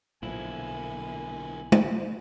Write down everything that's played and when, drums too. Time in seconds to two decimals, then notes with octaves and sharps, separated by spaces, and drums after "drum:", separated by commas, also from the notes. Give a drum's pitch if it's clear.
0.23 B1 A#2 D3 F3 A#3 E4 G#5
1.72 drum: tom G#3